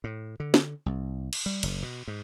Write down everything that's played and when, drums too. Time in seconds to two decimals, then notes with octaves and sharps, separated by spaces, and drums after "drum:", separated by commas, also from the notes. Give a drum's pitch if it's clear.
0.04 A2
0.40 D3
0.54 drum: snare
0.86 C2
1.33 drum: cymbal
1.46 G3
1.63 F#1, drum: cymbal
1.83 B2
2.08 G#2